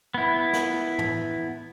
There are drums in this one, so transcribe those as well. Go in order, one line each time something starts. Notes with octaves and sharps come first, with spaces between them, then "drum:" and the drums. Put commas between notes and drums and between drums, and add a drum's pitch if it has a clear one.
B3 E4
drum: snare
drum: tom